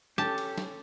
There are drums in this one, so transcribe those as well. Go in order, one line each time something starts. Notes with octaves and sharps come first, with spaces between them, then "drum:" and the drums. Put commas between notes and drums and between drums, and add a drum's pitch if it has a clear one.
C#4 G4 A4 A5, drum: snare
drum: cymbal
drum: snare